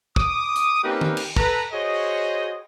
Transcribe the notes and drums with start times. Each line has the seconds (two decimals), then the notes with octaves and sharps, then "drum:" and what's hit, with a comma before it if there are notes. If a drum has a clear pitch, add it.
0.16 D6 D#6, drum: kick
0.56 drum: hi-hat
0.83 A#3 C4 C#4 D#4 G4 B4
1.01 drum: tom D#3
1.17 drum: cymbal
1.36 A4 B4 A#5, drum: kick
1.73 F#4 G#4 C5 C#5 D#5